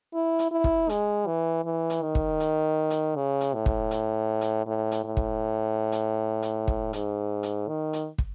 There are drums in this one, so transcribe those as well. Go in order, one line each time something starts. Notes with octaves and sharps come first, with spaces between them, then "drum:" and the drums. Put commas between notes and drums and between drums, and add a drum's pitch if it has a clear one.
E4
drum: hi-hat
E4
drum: kick
G#3, drum: hi-hat
E3
E3
drum: hi-hat
D#3
drum: kick
drum: hi-hat
drum: hi-hat
C#3
drum: hi-hat
A2
drum: kick
drum: hi-hat
drum: hi-hat
A2
drum: hi-hat
A2
drum: kick
drum: hi-hat
drum: hi-hat
drum: kick
G#2, drum: hi-hat
drum: hi-hat
D#3
drum: hi-hat
drum: kick